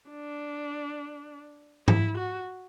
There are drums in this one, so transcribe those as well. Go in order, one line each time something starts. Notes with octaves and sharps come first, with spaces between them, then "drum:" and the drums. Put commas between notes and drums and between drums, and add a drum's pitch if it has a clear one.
D4
E4, drum: tom G#2
F#4